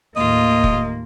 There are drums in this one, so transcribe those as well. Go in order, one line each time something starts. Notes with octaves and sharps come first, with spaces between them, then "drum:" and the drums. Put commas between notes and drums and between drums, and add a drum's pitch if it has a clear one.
D#2 A2 A#3 F4 D#5
drum: kick